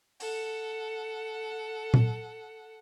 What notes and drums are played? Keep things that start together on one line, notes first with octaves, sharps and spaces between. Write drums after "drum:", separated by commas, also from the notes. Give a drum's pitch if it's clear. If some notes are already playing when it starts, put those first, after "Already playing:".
A4 F#5, drum: open hi-hat
drum: tom A#2